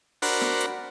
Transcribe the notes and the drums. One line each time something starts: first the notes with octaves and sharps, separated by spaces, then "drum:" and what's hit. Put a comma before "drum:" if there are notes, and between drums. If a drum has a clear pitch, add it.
D4 F#4 A#4 C5 F#5 B5, drum: open hi-hat
drum: snare
drum: hi-hat